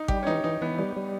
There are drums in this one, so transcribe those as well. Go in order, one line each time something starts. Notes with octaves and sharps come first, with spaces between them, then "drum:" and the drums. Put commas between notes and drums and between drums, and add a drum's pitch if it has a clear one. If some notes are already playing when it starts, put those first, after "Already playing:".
Already playing: D#4
G3 G4, drum: kick G#1
C#4
E3 D#4
E3 D#4
E3 B3
G3
G3